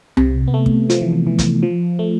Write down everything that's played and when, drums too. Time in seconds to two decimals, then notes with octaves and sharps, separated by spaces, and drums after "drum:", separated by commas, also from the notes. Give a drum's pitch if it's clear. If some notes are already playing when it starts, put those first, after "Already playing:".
0.17 C3, drum: tom C2
0.48 B3
0.54 A3
0.66 drum: kick
0.90 F3, drum: hi-hat
1.02 E3
1.12 F3
1.27 E3
1.39 drum: kick, hi-hat
1.63 F3
1.99 A3